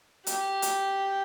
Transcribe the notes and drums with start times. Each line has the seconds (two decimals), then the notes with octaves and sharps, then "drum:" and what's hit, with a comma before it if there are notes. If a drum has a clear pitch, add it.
0.27 G4, drum: hi-hat
0.62 drum: hi-hat